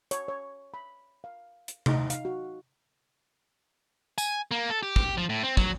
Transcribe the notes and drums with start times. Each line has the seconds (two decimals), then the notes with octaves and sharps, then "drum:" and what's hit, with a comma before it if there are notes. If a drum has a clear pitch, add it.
0.11 C#5, drum: hi-hat
0.28 C#5
0.74 B5
1.24 F5
1.68 drum: hi-hat
1.86 D#4, drum: tom C3
2.10 F5, drum: hi-hat
2.25 F#4
4.18 G#5, drum: tambourine
4.51 A#3
4.70 A4
4.83 G4
4.96 drum: kick
5.17 F3
5.29 A2
5.43 C4
5.57 F#3, drum: kick